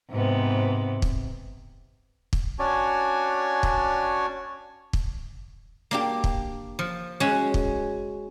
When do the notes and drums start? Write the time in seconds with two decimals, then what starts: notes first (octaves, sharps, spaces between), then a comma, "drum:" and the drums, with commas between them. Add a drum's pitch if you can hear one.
0.11 G#2 C3 B3
1.02 drum: kick
2.33 drum: kick
2.59 C#4 D4 F#4 C#5 D5 G#5
3.63 drum: kick
4.93 drum: kick
5.91 A#3 D4 G4
6.24 drum: kick
6.79 F3
7.20 G#3 C#4 F#4
7.54 drum: kick